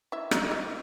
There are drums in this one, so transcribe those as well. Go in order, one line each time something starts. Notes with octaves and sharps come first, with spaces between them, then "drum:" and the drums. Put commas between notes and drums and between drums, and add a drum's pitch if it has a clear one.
E4 E5
D#4 D#5, drum: rim click
D#5
E4 E5